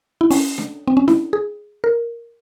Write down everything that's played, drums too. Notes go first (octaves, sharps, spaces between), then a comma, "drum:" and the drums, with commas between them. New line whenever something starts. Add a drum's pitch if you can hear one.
E4
C#4, drum: open hi-hat
drum: snare D4
C4
C#4
E4, drum: snare D4
G#4
A#4